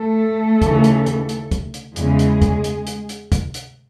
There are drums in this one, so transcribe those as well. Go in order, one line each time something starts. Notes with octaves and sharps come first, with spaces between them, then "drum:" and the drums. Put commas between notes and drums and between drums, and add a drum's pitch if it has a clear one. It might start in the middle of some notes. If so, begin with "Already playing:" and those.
Already playing: A3 A4
D#2 C#3 E3, drum: kick, hi-hat
drum: hi-hat
drum: hi-hat
drum: hi-hat
drum: kick, hi-hat
drum: hi-hat
E2 C#3 E3 G#3 G#4, drum: hi-hat
drum: hi-hat
drum: kick, hi-hat
drum: hi-hat
drum: hi-hat
drum: hi-hat
drum: kick, hi-hat
drum: hi-hat